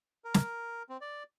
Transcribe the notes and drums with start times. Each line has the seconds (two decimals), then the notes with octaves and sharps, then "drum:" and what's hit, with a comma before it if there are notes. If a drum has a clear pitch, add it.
0.24 A#4
0.34 drum: snare
0.89 C4
1.01 D5